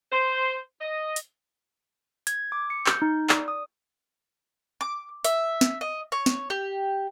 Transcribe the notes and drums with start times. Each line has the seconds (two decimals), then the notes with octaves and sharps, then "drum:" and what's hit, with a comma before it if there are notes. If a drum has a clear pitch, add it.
0.12 C5
0.81 D#5
1.16 drum: hi-hat
2.27 G#6, drum: hi-hat
2.52 D6
2.70 C#7
2.86 G6, drum: clap
3.02 D#4
3.29 D5, drum: clap
3.48 D#6
4.81 D6
5.24 E5, drum: hi-hat
5.61 drum: snare
5.81 D#5
6.12 C#5
6.26 drum: snare
6.50 G4